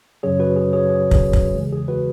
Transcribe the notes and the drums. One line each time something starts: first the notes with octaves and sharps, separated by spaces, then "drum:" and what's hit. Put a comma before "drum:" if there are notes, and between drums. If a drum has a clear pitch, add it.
F#2 C#3 F#3 C#4 G#4 C#5
F#4 B4
G#4
G#4 C#5
G#4 C#5
drum: kick
drum: kick
E2 C#3 E3 G#3
G#4
F#4 B4